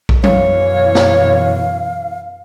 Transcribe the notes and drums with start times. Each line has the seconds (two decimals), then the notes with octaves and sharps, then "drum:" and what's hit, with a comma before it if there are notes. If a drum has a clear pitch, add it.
0.09 drum: kick
0.24 F#2 B2 E3 C#5 F5, drum: tom F#3
0.95 drum: snare